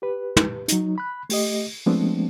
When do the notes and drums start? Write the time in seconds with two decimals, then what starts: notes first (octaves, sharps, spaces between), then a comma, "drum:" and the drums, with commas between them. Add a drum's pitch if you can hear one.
0.02 G4 B4
0.37 drum: tom
0.68 F#3 D#4, drum: hi-hat
0.98 B5 F#6
1.30 A3 G4 D#5, drum: open hi-hat
1.86 F3 G#3 A3 B3 C4 D4